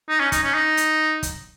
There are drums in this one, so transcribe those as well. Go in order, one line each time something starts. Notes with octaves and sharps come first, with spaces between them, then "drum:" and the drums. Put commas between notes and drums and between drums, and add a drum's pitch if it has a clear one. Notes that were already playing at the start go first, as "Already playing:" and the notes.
D#4
C#4
D#4, drum: kick, hi-hat
C#4
D#4
drum: hi-hat
drum: kick, hi-hat